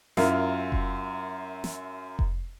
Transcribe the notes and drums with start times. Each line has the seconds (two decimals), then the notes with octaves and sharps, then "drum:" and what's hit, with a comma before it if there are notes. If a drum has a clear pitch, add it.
0.17 F#2 E4 F4 A#4, drum: snare
0.72 drum: kick F1
1.64 drum: snare
2.19 drum: kick F1